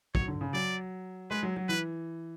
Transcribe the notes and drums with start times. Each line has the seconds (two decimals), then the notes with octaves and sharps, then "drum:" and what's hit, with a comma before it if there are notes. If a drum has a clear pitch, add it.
0.15 F#3 C#5, drum: kick
0.28 D3
0.41 C#3
0.53 F#3 D5
1.31 G#3 B4
1.43 F#3
1.57 F#3
1.69 E3 B4